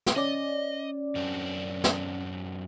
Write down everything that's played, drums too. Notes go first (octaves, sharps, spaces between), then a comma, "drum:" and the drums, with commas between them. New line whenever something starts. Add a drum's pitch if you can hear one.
drum: snare
C#4 D5 D#5
F#2 C4 D4
drum: snare